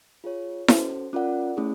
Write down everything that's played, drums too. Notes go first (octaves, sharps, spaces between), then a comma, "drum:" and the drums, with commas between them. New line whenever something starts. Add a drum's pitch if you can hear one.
F4 G#4 C#5
C#4 F#4 A4 C5, drum: snare E4
C#4 F4 A#4 D5 F#5
A3 C#4 E4 G#4